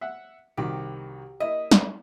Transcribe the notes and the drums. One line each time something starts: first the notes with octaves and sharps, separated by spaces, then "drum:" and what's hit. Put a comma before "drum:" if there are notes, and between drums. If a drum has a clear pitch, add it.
E5 F#5
C2 D#3 F#4 G4
A#3 E4 D#5 E5
drum: snare